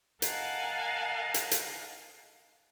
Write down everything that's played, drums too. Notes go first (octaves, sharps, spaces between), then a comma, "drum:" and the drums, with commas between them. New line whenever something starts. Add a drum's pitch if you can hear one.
A#4 D#5 F5 F#5 G#5 A5, drum: hi-hat
drum: hi-hat
drum: hi-hat